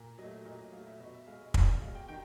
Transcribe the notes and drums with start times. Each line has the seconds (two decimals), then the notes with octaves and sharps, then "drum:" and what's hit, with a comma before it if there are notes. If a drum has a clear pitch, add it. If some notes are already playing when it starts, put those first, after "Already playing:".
Already playing: A#2
0.18 F#3 A3 D#5
0.46 A#2 D#5
0.59 D#5
0.72 F#3 A3 F5
0.87 E5
1.00 B2 D#5
1.13 E5
1.27 G#3 F5
1.41 D#5
1.54 B2 D5, drum: kick
1.82 G#3 F5
1.95 G5
2.09 D#3 G5